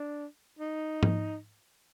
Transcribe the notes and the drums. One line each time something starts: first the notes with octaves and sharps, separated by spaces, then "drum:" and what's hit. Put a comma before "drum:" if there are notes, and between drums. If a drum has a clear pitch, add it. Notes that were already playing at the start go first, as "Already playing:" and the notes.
Already playing: D4
D#4
drum: tom G#2